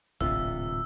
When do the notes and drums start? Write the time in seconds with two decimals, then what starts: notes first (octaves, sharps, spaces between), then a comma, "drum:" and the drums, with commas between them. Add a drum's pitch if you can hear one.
0.21 D1 G#2 C3 D4 F4 E6, drum: kick